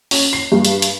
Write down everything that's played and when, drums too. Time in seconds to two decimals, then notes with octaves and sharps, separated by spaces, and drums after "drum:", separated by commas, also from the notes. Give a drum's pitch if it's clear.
0.11 C#4, drum: open hi-hat
0.33 C7
0.52 G2
0.65 drum: hi-hat
0.82 drum: hi-hat